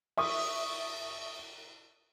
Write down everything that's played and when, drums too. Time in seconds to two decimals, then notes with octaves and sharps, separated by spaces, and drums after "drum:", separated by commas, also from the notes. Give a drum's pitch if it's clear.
0.17 E5 C#6 D#6, drum: cymbal